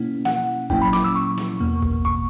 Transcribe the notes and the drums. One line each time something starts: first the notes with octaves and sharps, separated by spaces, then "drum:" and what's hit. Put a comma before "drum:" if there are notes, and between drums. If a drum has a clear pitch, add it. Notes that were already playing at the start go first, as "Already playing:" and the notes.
Already playing: B2 A#3 C#4 E4
F#5, drum: snare
A#2 F#3 A#3 C#4 E4 G5, drum: kick
B5
D6, drum: snare
E6
C#6
drum: snare
E2 B2 A#3
drum: kick
C#6, drum: kick